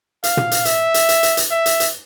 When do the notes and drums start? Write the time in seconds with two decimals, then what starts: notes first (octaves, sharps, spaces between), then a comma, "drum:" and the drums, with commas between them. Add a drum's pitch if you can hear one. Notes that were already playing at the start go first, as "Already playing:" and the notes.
0.24 F5, drum: hi-hat
0.37 drum: tom
0.51 drum: hi-hat
0.65 E5, drum: hi-hat
0.94 drum: hi-hat
1.09 drum: hi-hat
1.23 drum: hi-hat
1.37 drum: hi-hat
1.51 E5
1.66 drum: hi-hat
1.80 drum: hi-hat